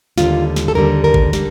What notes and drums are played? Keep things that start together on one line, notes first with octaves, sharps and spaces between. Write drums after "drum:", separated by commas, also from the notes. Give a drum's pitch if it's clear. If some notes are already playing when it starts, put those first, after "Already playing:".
D#2 D3 G3 F4, drum: snare
drum: snare
A4
D#2 D3 G3 A#4
A#4
drum: kick G#1
D3 G3, drum: snare